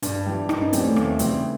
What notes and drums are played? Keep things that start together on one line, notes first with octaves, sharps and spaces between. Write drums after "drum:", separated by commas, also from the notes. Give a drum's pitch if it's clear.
G2 D4, drum: hi-hat
E3 G3
G2 D#4, drum: rim click
C#4
E3 G3 C4, drum: hi-hat
A3
D#2, drum: rim click
C#3 E3 G3 C4, drum: hi-hat